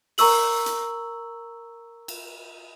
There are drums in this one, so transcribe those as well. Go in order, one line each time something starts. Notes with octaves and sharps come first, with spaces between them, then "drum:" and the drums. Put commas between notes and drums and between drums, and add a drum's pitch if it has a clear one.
A#4 A#5 C#6 E6 F#7, drum: open hi-hat
drum: hi-hat
drum: cymbal